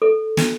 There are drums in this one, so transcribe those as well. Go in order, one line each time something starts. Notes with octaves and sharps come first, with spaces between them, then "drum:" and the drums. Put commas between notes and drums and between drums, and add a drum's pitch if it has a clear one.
A4
drum: snare